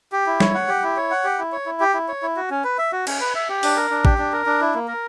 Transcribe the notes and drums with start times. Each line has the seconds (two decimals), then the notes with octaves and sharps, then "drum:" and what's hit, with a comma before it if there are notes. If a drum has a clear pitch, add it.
0.12 G4
0.26 E4
0.40 C#5, drum: snare
0.54 F#5
0.68 G4
0.83 E4
0.97 C#5
1.11 F#5
1.24 G4
1.39 E4
1.52 C#5
1.66 E4
1.80 G4
1.94 E4
2.08 C#5
2.22 E4
2.36 F#4
2.50 C#4
2.64 B4
2.78 E5
2.92 F#4
3.07 C#4, drum: cymbal
3.20 B4
3.35 E5
3.49 G4
3.63 D4, drum: open hi-hat
3.76 A#4
3.91 D4
4.05 G4, drum: kick A1
4.18 D4
4.33 A#4
4.46 D4
4.61 E4
4.75 A#3
4.88 A#4